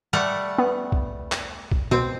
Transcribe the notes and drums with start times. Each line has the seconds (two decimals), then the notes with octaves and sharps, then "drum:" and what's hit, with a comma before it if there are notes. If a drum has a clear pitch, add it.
0.13 G3 A3 F#5
0.58 B3
0.92 drum: kick
1.32 drum: clap
1.72 drum: kick
1.91 B2 C4